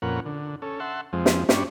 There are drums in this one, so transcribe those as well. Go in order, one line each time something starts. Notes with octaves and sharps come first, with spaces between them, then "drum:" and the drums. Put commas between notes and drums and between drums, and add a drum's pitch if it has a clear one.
F2 A#2 C#4 A#4 B4 F#5
D3
C#4 A4
E5 F#5 A5 C6
F2 F3 G#3 C4
drum: snare
G2 D4 G4 C#5 B5 C#6, drum: snare